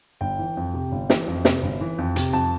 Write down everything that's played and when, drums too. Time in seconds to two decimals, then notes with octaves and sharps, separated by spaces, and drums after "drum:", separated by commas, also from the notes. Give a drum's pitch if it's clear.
0.21 G1 G5
0.39 E3
0.57 F2
0.74 C3
0.92 G1
1.10 E3, drum: snare
1.27 F2
1.45 C3, drum: snare
1.63 G1
1.81 E3
1.98 F2
2.16 C3, drum: hi-hat
2.33 F2 A5